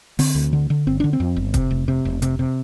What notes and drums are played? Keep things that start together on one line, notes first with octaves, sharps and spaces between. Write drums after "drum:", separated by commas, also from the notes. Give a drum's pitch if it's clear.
D3 C4, drum: open hi-hat
D2
D3
D3
G1 C4
D3 D4
C4
F2
G1
C3, drum: kick, hi-hat
F1
C3
F1
C3, drum: hi-hat
C3